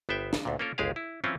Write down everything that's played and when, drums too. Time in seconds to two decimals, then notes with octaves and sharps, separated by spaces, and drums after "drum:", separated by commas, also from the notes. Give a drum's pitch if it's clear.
0.09 G1 B3 C5 E5 G5
0.33 drum: snare
0.45 D2 A#2
0.59 A#3 C#4 F4 A4 A#4
0.78 G1 C#2 G#3 G4 G#4 F5
0.96 E4
1.24 E3 F#3 C4 C#4 E4 F4